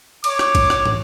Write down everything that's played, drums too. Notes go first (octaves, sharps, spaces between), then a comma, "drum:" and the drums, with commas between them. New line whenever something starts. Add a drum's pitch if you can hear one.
C#5 D6, drum: cymbal
drum: rim click
drum: kick, cymbal
drum: rim click
drum: tom